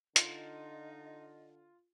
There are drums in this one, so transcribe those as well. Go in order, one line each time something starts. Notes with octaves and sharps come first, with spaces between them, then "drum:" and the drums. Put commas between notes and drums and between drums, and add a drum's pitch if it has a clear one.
D3 D#4 F4 D#5, drum: hi-hat